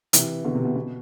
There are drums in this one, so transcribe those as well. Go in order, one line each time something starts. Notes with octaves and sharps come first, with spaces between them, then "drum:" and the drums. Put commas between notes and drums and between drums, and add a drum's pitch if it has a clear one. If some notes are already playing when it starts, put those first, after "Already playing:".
C3 E3, drum: hi-hat
B2 D3
C3
B2
B2